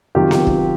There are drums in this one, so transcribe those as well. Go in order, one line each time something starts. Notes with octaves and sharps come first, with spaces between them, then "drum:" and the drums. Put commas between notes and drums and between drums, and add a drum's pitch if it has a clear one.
C3 D#3 F#3 F4 G4
drum: snare B3
drum: kick